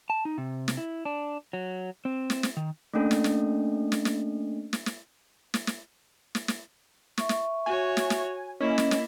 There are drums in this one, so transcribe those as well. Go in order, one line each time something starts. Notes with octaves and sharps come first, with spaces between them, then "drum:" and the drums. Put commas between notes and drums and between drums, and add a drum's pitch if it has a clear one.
A5
D#4
C3
drum: snare
E4
D4
F#3
C4
drum: snare
drum: snare
D#3
A3 A#3 C#4 D4 A4
drum: snare
drum: snare
drum: snare
drum: snare
drum: snare
drum: snare
drum: snare
drum: snare
drum: snare
drum: snare
E5 C#6, drum: snare
drum: snare
F#4 C#5 G#5
drum: snare
drum: snare
A#3 C#4 E4 D#5
drum: snare
drum: snare